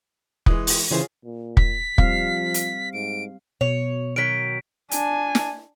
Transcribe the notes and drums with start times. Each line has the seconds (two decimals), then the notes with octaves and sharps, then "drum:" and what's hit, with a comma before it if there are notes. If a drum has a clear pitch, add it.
0.46 E3 G#3 D#6, drum: kick
0.67 drum: open hi-hat
0.91 C#3 E3 F4 G#4 C5 C#5
1.24 A#2
1.57 B6, drum: kick
1.98 F3 G3 C4 F5, drum: kick
2.54 drum: hi-hat
2.93 G#2 D7
3.61 B2 C#5
4.16 D#3 F#3 B6 D7
4.91 D4 G#5, drum: hi-hat
5.35 drum: snare